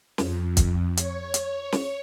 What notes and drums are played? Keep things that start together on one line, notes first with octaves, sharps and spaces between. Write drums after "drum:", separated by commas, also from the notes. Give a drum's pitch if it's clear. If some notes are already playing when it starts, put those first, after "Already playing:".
F2, drum: snare
drum: kick, hi-hat
C#5, drum: hi-hat
drum: hi-hat
drum: snare